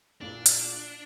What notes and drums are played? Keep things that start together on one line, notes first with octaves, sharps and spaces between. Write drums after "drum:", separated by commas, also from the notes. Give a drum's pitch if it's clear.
A#1 A#2 A3 D4 E4 A#4
drum: hi-hat